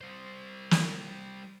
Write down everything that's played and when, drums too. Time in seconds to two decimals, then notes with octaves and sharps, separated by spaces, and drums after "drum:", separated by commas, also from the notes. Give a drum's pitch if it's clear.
0.01 G3 C5
0.71 drum: snare